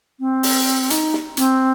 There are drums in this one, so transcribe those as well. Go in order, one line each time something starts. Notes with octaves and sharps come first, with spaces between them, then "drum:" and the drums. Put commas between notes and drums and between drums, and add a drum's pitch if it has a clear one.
C4
drum: open hi-hat
D#4, drum: hi-hat
drum: snare
C4, drum: hi-hat